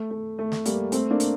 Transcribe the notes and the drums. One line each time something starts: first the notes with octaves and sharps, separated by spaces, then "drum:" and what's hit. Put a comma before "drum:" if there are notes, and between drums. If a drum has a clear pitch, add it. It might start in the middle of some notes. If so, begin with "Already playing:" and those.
Already playing: A3
A3
A3
drum: snare
G3 A#3, drum: hi-hat
A3 C4, drum: hi-hat
A#3 D4
drum: hi-hat